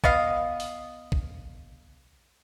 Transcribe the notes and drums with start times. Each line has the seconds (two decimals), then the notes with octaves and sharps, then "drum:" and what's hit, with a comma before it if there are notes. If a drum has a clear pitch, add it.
0.04 B3 D#5 F5, drum: kick
0.60 drum: open hi-hat
1.12 drum: kick